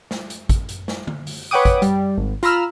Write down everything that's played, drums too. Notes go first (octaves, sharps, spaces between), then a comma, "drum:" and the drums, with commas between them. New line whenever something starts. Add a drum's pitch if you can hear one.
drum: snare
drum: hi-hat
drum: kick, hi-hat
drum: hi-hat
drum: snare
drum: tom D3
drum: open hi-hat
B4 C#5 F#5 G5 D6 D#6
drum: kick, hi-hat
G3, drum: hi-hat
G#1
F4 A#5 B5 E6 F6, drum: hi-hat